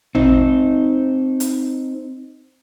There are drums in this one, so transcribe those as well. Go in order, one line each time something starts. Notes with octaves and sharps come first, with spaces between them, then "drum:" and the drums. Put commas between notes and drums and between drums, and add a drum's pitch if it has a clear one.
C4 D#4, drum: tom A1
drum: hi-hat